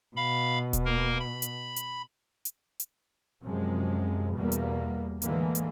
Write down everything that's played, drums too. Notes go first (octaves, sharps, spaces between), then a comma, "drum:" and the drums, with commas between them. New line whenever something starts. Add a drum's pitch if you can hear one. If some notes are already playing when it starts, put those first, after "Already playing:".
B2 F5 B5
drum: kick D#1, hi-hat
A#3 A#4
B5
drum: hi-hat
drum: hi-hat
drum: hi-hat
drum: hi-hat
F#2 C3 F3 G#3
E2 B2 G3 A#3
drum: hi-hat
A2 D3 E3 G#3 A#3, drum: hi-hat
drum: hi-hat